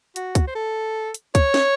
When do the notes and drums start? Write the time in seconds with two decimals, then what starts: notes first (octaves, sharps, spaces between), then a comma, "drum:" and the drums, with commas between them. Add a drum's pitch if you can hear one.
0.16 F#4, drum: hi-hat
0.35 drum: kick, hi-hat
0.47 C5
0.55 A4
1.14 drum: hi-hat
1.35 C#5, drum: kick, hi-hat
1.54 drum: snare